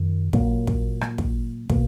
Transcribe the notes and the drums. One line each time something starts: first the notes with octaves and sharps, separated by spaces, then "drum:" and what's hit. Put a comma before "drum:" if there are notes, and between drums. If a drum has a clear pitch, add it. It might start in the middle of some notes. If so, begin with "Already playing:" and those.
Already playing: F#2 D#3
A#2 F#3 A#3, drum: kick
drum: kick
drum: rim click
drum: kick
B2 A#3, drum: kick